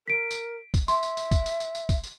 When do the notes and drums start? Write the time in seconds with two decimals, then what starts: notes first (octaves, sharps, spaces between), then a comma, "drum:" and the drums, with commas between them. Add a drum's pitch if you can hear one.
0.08 A#4 B6 D7
0.31 drum: tambourine
0.74 drum: kick, tambourine
0.88 E5 C6, drum: tambourine
1.03 drum: tambourine
1.17 drum: tambourine
1.31 drum: kick, tambourine
1.46 drum: tambourine
1.60 drum: tambourine
1.75 drum: tambourine
1.89 drum: kick, tambourine
2.03 drum: tambourine